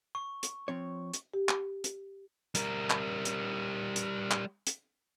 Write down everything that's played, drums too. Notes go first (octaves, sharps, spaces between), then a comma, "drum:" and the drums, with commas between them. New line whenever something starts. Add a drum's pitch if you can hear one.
C#6
drum: hi-hat
F3 C4 C#5
drum: hi-hat
G4
drum: clap
drum: hi-hat
G3 A#4, drum: hi-hat
drum: clap
drum: hi-hat
drum: hi-hat
drum: clap
drum: hi-hat